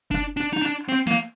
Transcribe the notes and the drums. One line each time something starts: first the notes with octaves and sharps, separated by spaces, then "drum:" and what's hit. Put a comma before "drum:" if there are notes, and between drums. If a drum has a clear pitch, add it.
D4, drum: kick F#1
D4
D#4
D4
C4
A#3, drum: snare